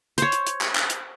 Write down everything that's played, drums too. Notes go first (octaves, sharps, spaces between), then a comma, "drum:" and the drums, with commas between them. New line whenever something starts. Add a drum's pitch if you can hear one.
C5 C#5, drum: hi-hat
drum: hi-hat
drum: hi-hat
drum: clap
drum: clap
drum: hi-hat